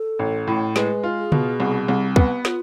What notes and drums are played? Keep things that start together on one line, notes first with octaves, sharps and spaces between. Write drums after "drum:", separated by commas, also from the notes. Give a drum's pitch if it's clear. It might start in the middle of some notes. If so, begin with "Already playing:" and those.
Already playing: A4
A1
A2
G#3 B4, drum: snare
F4
G#4
B2, drum: tom
C2
C2
B3, drum: kick
F4, drum: snare